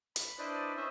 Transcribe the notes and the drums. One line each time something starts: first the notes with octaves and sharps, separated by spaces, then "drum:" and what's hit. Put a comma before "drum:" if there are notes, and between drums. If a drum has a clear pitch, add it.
B5, drum: hi-hat
D4 E4 B4 C5 D5 D#5
C#4 C5 D#5 E5